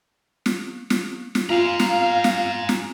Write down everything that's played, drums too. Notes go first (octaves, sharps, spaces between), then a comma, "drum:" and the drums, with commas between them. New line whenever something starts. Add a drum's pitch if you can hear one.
drum: snare
drum: snare
drum: snare
F4 F5 G#5 A#5
drum: snare
drum: snare
drum: snare